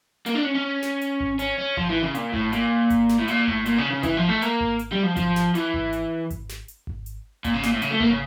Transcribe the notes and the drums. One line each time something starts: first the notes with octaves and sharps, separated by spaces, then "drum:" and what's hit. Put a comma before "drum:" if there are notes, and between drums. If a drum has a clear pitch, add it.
A#3, drum: hi-hat
D4
C#4
C#4
drum: snare
drum: hi-hat
drum: kick G#1
C#4, drum: hi-hat
C#4
F3, drum: kick G#1
E3
C#3
A#2, drum: hi-hat
A2, drum: kick G#1
A#2, drum: hi-hat
drum: kick G#1, hi-hat
drum: snare
A2
A#2, drum: hi-hat
A2, drum: kick G#1
A#2, drum: hi-hat
C#3
C#3
E3, drum: kick G#1, hi-hat
F3
A3
A#3, drum: hi-hat
drum: kick G#1
drum: hi-hat
G3
F3
F3, drum: kick G#1, hi-hat
drum: snare
E3, drum: hi-hat
drum: kick G#1
drum: hi-hat
drum: kick G#1, hi-hat
drum: snare
drum: hi-hat
drum: kick G#1
drum: hi-hat
A#2, drum: kick G#1, hi-hat
C#3
A#2, drum: snare
A2
C#3, drum: hi-hat
A3
A#3, drum: kick G#1
C#3